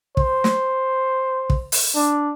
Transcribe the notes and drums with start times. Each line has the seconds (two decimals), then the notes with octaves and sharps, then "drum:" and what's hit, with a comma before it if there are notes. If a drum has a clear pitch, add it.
0.17 C5, drum: kick
0.44 drum: snare
1.50 drum: kick
1.72 drum: open hi-hat
1.95 D4